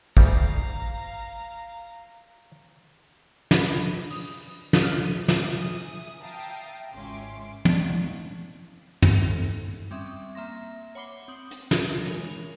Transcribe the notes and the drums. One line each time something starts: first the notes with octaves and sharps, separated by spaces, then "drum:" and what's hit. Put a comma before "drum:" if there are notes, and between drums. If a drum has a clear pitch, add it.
D2 C#3 G3 F5 A#5, drum: kick
B5, drum: snare
D#6, drum: open hi-hat
drum: snare
F6
drum: snare
E5 G#5 D#6
E5 F5 G5 A5 A#5 D#6
G#1 C#2 C#4 E5 C6 D6
A3 C4 C#4 D5 D#5 A5, drum: tom
G#3 A3 E4
C5, drum: tom
A4
G3 C4 C#4 E5 D#6
A#3 E5 C6 A#6
C#5 F#5 B5 D6 C7 G7
C4 D#6 F#7
drum: hi-hat
drum: snare
E3 G#3 A#4 C#5, drum: hi-hat